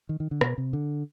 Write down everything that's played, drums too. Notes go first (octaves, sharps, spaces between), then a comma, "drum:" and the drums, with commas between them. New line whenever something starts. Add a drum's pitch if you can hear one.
D#3
D#3
D3
B2, drum: rim click
C3
D3